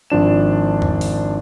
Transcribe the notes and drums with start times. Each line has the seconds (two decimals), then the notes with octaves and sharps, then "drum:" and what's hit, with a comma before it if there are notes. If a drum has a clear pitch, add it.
0.10 G#1 F3 D4 E7
0.82 drum: tom E2
1.01 drum: open hi-hat